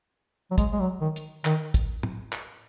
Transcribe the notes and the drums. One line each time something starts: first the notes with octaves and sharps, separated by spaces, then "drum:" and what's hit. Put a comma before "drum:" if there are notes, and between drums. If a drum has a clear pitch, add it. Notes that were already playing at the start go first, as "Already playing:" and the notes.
F#3
G#3, drum: kick, hi-hat
G#3
F#3
D#3
drum: hi-hat
D#3, drum: clap
drum: kick, hi-hat
drum: tom
drum: clap